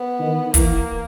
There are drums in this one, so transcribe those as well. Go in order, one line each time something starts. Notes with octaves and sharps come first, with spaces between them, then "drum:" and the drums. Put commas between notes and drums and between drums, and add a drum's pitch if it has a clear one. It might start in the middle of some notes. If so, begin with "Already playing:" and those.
Already playing: B3
D#3
E3 A#3, drum: kick, hi-hat